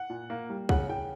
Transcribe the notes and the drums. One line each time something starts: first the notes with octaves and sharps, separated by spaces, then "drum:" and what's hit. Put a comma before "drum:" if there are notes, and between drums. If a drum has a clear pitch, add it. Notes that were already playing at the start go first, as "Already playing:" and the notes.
Already playing: F#5
A#2
A#3
G3
C#3 F#5, drum: kick C2
C#3 G5